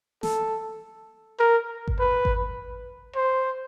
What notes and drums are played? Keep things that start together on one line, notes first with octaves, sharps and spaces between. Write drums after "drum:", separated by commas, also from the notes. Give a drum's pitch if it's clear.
A4, drum: snare
A#4
drum: kick G#1
B4
drum: kick G#1
C5